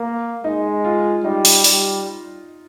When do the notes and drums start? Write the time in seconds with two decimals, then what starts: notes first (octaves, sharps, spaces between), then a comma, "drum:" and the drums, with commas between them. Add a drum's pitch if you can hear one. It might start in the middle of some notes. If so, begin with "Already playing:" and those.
Already playing: A#3
0.44 G#3 D#4
0.84 F4
1.24 G3 D#4
1.45 drum: open hi-hat
1.64 G3, drum: open hi-hat